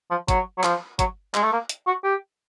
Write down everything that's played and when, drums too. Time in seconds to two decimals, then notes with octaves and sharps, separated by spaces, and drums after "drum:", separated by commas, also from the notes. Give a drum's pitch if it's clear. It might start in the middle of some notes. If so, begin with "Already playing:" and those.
0.11 F3
0.28 F#3, drum: kick, hi-hat
0.58 F#3
0.63 F3, drum: clap
0.99 F#3, drum: kick, hi-hat
1.34 G#3, drum: clap
1.43 A3
1.52 A#3
1.69 drum: hi-hat
1.87 F#4
2.04 G4